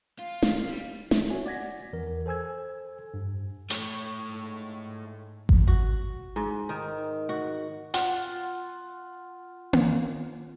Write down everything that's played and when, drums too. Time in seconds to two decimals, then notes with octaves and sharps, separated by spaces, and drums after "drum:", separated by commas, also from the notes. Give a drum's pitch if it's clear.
0.19 F4
0.43 drum: snare
0.69 G3
1.11 E5, drum: snare
1.30 F#4 C#5 G#5
1.46 D5 F#5 G#6 A#6 B6
1.93 E2 E3 A#4
2.26 A4 C5 G#5 E6 G#6
3.14 G2
3.70 A3 C#5, drum: hi-hat
4.30 G#2
5.49 drum: kick G#1
5.67 F#4
6.36 G#2
6.69 D#3
7.29 F#4
7.94 F4 F#5, drum: hi-hat
9.73 drum: tom A#3